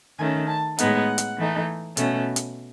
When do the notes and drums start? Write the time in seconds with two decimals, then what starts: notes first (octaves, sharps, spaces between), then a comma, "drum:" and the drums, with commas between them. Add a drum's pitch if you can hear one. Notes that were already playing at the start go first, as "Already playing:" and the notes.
0.19 D#3 A3 C#4 G#5
0.48 A5
0.78 A2 G#3 B3 D#4 F#5, drum: hi-hat
1.18 drum: hi-hat
1.37 E3 A3 D#4
1.97 B2 A3 C#4, drum: hi-hat
2.36 drum: hi-hat